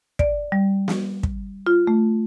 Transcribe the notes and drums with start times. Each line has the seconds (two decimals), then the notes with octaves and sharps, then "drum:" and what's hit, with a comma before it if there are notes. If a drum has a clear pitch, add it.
0.19 D5, drum: kick
0.52 G3
0.88 drum: snare
1.23 drum: kick
1.67 F4
1.87 A3